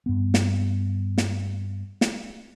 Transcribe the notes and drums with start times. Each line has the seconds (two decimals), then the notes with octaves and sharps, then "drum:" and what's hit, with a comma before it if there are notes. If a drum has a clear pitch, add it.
0.06 G2 B3
0.34 drum: snare
1.18 drum: snare
2.01 drum: snare